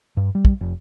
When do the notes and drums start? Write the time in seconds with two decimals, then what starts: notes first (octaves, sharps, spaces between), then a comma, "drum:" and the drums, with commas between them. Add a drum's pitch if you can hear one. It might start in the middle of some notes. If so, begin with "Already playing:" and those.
0.17 G2
0.35 G3
0.45 drum: kick
0.61 F1